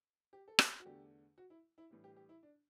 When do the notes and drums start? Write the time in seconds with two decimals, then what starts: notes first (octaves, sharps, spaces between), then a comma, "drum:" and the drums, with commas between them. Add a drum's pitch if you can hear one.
0.33 G4
0.48 A4
0.59 G4, drum: rim click
0.80 F#4
0.85 E2 D3 A3 D4 G4
1.38 F#4
1.50 E4
1.78 E4
1.90 A2 E3 G3 D4
2.04 G4
2.16 G4
2.29 E4
2.43 D4